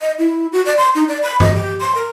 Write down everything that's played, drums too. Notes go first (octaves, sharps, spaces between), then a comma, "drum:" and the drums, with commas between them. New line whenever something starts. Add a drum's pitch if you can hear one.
D#5
E4
F#4
D5
C6
D#4
D5
B5
D#5, drum: tom G2
G4
C6
A#4